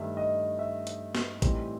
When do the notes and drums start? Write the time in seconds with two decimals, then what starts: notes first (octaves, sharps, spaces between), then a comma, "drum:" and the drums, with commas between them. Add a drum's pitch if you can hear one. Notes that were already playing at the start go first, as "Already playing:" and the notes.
Already playing: G2 D#3 A3 E5
0.17 D#5
0.59 E5
0.87 drum: hi-hat
1.15 drum: snare
1.42 A2 E3 G3 C4 D#4, drum: kick A1, hi-hat